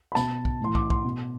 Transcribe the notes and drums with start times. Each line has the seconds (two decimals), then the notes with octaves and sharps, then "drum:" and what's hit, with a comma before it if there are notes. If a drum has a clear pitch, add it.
0.12 B5
0.15 B2 A5, drum: snare
0.45 drum: kick
0.61 A2 E3 C6
0.75 D6, drum: kick
0.90 C6, drum: kick
1.05 B2